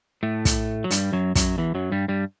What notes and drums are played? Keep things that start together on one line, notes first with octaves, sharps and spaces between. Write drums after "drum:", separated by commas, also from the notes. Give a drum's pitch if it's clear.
A2 A3
drum: kick, hi-hat
F#3
G2 G3, drum: hi-hat
F#2 F#3
F#2 F#3, drum: kick, hi-hat
E2 E3
F#2 F#3
G2 G3
G2 G3